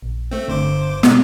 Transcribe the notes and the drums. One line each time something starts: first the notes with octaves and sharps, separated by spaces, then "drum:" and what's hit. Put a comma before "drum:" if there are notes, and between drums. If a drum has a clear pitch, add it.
A#1
A3 C4
G1 D3 C5 D6
B2, drum: snare